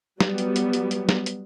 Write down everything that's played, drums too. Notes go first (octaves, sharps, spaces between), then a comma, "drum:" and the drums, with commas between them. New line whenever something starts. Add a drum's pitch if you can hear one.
F#3 G3 B3, drum: snare
drum: hi-hat
drum: hi-hat
drum: hi-hat
drum: hi-hat
drum: snare
drum: hi-hat